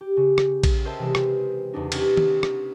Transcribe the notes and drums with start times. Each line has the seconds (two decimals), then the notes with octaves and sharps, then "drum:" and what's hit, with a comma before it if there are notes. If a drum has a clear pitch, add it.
0.01 G4
0.17 C#3
0.38 drum: rim click
0.63 drum: kick A#1, cymbal
0.85 A#4 C5 D#5 E5 G5 A5
0.99 C3 E3 G#3
1.15 drum: rim click
1.73 E2 C#3 B3 D4 D#4
1.92 C#4 D#4 G4, drum: cymbal
2.17 drum: tom
2.43 drum: rim click